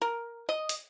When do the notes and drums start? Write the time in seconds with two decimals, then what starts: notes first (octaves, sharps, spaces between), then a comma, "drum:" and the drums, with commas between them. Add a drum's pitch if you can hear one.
0.02 A#4
0.49 D#5
0.69 drum: hi-hat